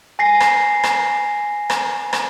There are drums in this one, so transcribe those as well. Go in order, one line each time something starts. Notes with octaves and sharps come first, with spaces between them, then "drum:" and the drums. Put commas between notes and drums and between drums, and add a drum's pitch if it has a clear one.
G#5 A#6 C7
drum: rim click
drum: rim click
drum: rim click
drum: rim click